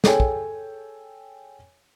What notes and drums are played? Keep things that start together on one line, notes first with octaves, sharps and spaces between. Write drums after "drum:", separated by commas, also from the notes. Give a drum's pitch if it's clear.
G#4 A4 C#5 G5 G#5, drum: snare
drum: kick